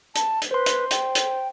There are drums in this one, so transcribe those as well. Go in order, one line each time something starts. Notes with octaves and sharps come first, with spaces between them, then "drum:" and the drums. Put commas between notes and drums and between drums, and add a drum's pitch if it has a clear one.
A5, drum: hi-hat
drum: hi-hat
B4 C5 C6
drum: hi-hat
G5, drum: hi-hat
drum: hi-hat